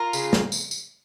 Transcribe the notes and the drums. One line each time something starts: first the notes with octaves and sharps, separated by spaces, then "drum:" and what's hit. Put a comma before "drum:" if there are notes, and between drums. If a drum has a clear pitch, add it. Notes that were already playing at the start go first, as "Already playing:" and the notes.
Already playing: F4 A#4
C#3 G#3, drum: tambourine
drum: snare
drum: tambourine
drum: tambourine